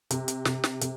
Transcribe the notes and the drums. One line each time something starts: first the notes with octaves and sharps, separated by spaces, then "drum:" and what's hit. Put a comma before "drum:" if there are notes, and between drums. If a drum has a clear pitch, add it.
C3, drum: hi-hat
drum: hi-hat
C3, drum: snare
drum: snare
C3, drum: hi-hat